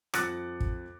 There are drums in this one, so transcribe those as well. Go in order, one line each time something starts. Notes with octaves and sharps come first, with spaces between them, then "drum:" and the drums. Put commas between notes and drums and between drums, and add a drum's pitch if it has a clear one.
F2 D6 F#6 A6 A#6 C#7, drum: rim click
drum: kick